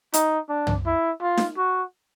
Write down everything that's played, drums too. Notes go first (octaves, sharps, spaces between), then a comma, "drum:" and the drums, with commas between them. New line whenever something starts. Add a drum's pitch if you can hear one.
D#4, drum: hi-hat
D4
drum: tom
E4
F4
drum: snare D#4
F#4